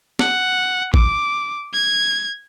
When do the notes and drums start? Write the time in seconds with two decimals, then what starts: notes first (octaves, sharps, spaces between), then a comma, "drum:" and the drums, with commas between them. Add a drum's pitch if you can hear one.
0.19 F#5, drum: snare
0.94 D6, drum: kick
1.73 G#6